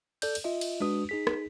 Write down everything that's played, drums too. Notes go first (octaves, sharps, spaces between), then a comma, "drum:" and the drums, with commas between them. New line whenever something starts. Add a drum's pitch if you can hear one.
A4 D5 G6, drum: cymbal
drum: cymbal
F4 D#5 E5
drum: cymbal
G#3 D4 F#4 B4 D#6
D#4 G#4 B6
drum: rim click